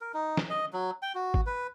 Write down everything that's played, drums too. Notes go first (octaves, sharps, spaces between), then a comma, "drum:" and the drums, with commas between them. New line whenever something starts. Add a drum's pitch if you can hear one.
A#4
D#4
drum: snare
D#5
F#3
G5
F#4
drum: kick G#1
B4